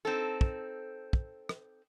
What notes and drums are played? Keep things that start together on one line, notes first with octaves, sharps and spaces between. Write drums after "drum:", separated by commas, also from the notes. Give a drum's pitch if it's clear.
C4 D#4 A4
drum: kick
drum: kick
drum: rim click